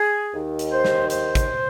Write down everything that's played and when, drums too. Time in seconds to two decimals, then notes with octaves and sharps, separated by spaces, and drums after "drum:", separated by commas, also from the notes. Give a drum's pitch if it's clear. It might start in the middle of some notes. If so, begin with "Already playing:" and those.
Already playing: G#4
0.34 D#2 D#3
0.59 drum: hi-hat
0.72 C5
0.85 drum: snare
1.10 C5, drum: hi-hat
1.35 drum: kick, hi-hat